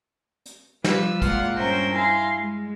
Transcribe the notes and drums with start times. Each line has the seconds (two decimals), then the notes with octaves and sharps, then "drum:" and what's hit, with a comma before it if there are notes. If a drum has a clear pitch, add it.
0.46 drum: hi-hat
0.84 F3 G3 B4 E6, drum: snare
1.22 A#2 G#3 F4 F#5 F6, drum: kick, hi-hat
1.55 G2 C#4 A#4 C5 E5 G5
1.93 E4 F5 G#5 A#5 C6
2.35 G#3